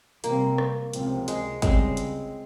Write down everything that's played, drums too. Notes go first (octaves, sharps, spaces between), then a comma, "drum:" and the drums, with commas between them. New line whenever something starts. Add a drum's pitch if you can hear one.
C3 G3 A#3 C4, drum: hi-hat
drum: rim click
C#2 C3 F3 C4, drum: hi-hat
G#3, drum: hi-hat
C#2 C#3 G3 G#3 C4, drum: kick, hi-hat
drum: hi-hat